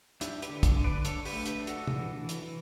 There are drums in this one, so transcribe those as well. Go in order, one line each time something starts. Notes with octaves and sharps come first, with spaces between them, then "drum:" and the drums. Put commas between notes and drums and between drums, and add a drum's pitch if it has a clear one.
D4 E4 G4, drum: hi-hat
G4 B4, drum: hi-hat
D3
drum: kick, hi-hat
D3
B4 D5
D4 A4 C#5, drum: hi-hat
G4 B4, drum: open hi-hat
A3
G4 B4, drum: hi-hat
D4
F#4 A4, drum: hi-hat
E3, drum: tom
E3
drum: hi-hat
E3